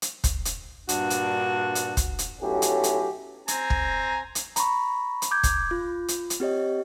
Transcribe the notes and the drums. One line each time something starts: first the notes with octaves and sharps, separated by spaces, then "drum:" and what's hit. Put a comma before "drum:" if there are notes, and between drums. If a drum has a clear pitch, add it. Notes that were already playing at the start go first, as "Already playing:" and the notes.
drum: hi-hat
drum: kick, hi-hat
drum: hi-hat
G2 A#2 D4 F#4, drum: hi-hat
drum: hi-hat
drum: hi-hat
drum: kick, hi-hat
drum: hi-hat
B1 A2 F#3 C#4 G4
drum: hi-hat
drum: hi-hat
C4 G#5 A#5, drum: hi-hat
drum: kick
drum: hi-hat
A#5 B5 C#6, drum: hi-hat
drum: hi-hat
D6 G6 G#6
drum: kick, hi-hat
F4
drum: hi-hat
drum: hi-hat
C4 G4 C#5 D#5